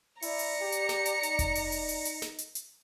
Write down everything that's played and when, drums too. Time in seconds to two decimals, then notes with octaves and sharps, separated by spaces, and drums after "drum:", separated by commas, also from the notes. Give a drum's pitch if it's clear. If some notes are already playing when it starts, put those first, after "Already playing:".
0.22 E4 D5 A#5 C#7, drum: open hi-hat
0.39 drum: open hi-hat
0.61 G4
0.72 drum: hi-hat
0.89 drum: snare
1.06 drum: hi-hat
1.23 D#4, drum: hi-hat
1.39 drum: kick F1, hi-hat
1.55 drum: open hi-hat
1.72 drum: open hi-hat
1.89 drum: open hi-hat
2.05 drum: hi-hat
2.22 drum: snare
2.39 drum: hi-hat
2.55 drum: hi-hat